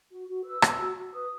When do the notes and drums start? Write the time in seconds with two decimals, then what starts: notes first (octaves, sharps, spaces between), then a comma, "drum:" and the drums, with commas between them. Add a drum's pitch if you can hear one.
0.11 F#4
0.28 F#4
0.45 B4 E6
0.62 B4, drum: rim click
0.79 F#4
0.97 F#4
1.13 B4 D#6